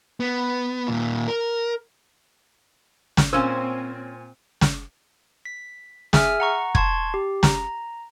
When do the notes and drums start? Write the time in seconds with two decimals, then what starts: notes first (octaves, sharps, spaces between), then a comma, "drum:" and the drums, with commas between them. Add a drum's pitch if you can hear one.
0.20 B3
0.88 D#2 A#2
1.27 A#4
3.17 drum: snare
3.33 A#2 C4 C#4 C5 G#5 E6
4.61 drum: snare
5.45 B6
6.13 G#4 E5 G#5 F6, drum: snare
6.40 F#5 A#5 C#6
6.75 A5 C6 C#6 G#6, drum: kick
7.14 G4
7.43 A#5, drum: snare